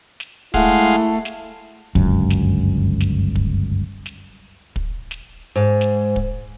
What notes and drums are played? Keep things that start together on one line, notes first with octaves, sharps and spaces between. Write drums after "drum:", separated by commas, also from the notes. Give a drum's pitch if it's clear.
drum: snare
G#3 A3 E4 F5 F#5 C6, drum: kick
drum: snare
G1 C#2 F#2, drum: kick
drum: snare
drum: snare
drum: kick
drum: snare
drum: kick
drum: snare
G#2
drum: snare
drum: kick